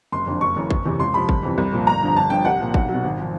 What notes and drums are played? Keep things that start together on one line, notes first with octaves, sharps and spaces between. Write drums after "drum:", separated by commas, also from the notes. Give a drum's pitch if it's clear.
F#1 C6
F2 D3
F#1 C#6
F#2 C#3 E3
F#1, drum: kick
E2 C3 E3
C#2 C6
C3 F3 B5
G1, drum: kick
F2 C3 E3
C2
A#2 F3
G1 A#5
G2 D3 F3
G1 A5
G2 D3 F3 G5
C2 F#5
A#2 F3
B1, drum: kick
F#3
B2
G#1
F3